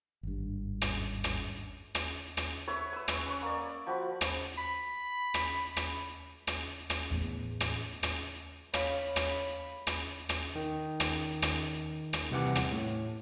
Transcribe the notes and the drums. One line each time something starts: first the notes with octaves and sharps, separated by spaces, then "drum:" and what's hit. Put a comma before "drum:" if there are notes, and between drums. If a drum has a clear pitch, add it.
G#1 G2
drum: rim click
drum: rim click
drum: rim click
drum: rim click
B4 C#5 E5 C#6
B4 E6
drum: rim click
C#4 C#6
A#3 D5
F3 F#4 B5
drum: rim click
B5
drum: rim click
drum: rim click
drum: rim click
drum: rim click
E2 A2
drum: rim click
drum: rim click
C#5 F5 B5, drum: rim click
drum: rim click
drum: rim click
drum: rim click
D#3
drum: rim click
drum: rim click
drum: rim click
C2 C3 E3 F#5 D6
drum: rim click
A2